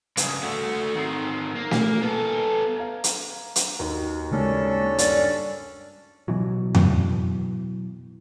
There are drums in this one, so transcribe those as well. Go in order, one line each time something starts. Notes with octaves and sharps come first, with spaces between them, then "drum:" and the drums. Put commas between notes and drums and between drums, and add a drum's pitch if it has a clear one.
G2 C#3, drum: hi-hat
A3 F#4
D#3 C4
A#3
drum: snare
B3 A4
F5 A#5 G#6
drum: hi-hat
drum: hi-hat
D#2 D#4 F#4
C#3 G#3 A#3 C#4 D4 A4
G2 D5, drum: hi-hat
B2 E3 F#3
drum: tom F2